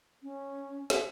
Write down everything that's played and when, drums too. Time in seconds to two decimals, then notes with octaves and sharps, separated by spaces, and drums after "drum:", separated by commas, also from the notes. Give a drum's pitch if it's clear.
0.23 C#4
0.90 drum: snare